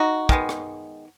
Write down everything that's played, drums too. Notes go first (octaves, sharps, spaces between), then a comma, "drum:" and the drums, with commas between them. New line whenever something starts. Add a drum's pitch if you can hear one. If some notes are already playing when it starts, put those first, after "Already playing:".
Already playing: D#4 F#4
D#3 G#3 B3, drum: kick
drum: rim click